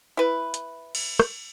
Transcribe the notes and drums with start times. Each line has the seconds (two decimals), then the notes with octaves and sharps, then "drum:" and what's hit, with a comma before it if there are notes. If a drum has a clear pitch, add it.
0.17 E4 B4
0.54 drum: hi-hat
0.95 drum: cymbal
1.20 drum: rim click